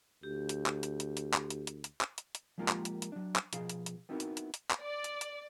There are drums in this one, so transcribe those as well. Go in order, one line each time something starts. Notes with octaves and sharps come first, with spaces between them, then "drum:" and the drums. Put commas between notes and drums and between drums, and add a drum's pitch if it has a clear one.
D2 G4
drum: hi-hat
drum: clap
drum: hi-hat
drum: hi-hat
drum: hi-hat
drum: clap
drum: hi-hat
drum: hi-hat
drum: hi-hat
drum: clap
drum: hi-hat
drum: hi-hat
F3 G#3 A#3 F4 G4 A#4
drum: clap
drum: hi-hat
drum: hi-hat
F#3 D4
drum: clap
B2 F3 G#4 F5, drum: hi-hat
drum: hi-hat
drum: hi-hat
B3 C4 D#4 E4 F#4 A#4
drum: hi-hat
drum: hi-hat
drum: hi-hat
drum: clap
D5
drum: hi-hat
drum: hi-hat